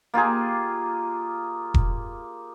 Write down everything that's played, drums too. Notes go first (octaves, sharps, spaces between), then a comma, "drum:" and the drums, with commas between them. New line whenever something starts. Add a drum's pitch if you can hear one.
A#3 F4 G4 G#4
drum: kick E1